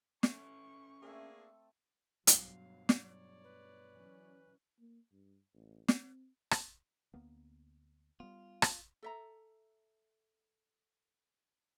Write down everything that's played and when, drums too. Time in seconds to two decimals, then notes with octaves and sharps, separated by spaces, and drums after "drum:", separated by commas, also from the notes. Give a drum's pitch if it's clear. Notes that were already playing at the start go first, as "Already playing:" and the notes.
0.23 C#4 A4 E5 C#6, drum: snare
1.02 A3 A#3 C4 D4 G#4
2.27 G2 B2 F#3 F5, drum: hi-hat
2.89 C#5 D5, drum: snare
3.44 B4
3.92 E3 F#3 C#4
4.79 A#3
5.12 G2
5.54 A1
5.88 C4, drum: snare
6.51 drum: rim click
7.14 D2 A#3 B3
8.20 G3 B3 F4
8.62 drum: rim click
9.03 A4 E5 A#5